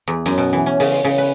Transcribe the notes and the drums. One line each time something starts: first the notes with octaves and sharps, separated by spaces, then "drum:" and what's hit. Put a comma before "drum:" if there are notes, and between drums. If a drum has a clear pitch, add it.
E2
F#2, drum: hi-hat
B2
E3
C#4
C#3, drum: open hi-hat
C6
C#3
B4